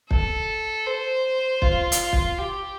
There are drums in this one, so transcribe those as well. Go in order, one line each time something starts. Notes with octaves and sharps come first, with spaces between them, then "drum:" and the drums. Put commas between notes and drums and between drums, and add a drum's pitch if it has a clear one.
A4, drum: kick
C5
F4, drum: kick
drum: hi-hat
drum: kick
G4